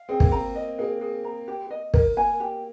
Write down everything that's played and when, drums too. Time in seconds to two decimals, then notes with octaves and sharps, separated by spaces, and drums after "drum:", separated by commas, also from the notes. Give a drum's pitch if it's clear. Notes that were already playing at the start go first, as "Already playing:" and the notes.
Already playing: F5
0.09 C4 G#4
0.20 A#3, drum: kick
0.31 C4 A#5
0.55 D#5
0.79 A#3 G#4
1.01 G#4
1.25 A#5
1.48 G4
1.71 D#5
1.94 A#4, drum: kick
2.17 A#3 G#5
2.40 G4